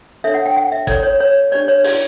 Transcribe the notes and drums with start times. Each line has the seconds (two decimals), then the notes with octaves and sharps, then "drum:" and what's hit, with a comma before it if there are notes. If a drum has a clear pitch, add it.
0.24 D4 A4 C#5 E5
0.34 F#5
0.46 G5
0.56 F#5
0.72 E5
0.87 E4 A4 C#5 D5, drum: kick
1.03 C#5
1.20 C#5
1.52 D4 G4 C#5 D5
1.68 C#5
1.84 D5, drum: open hi-hat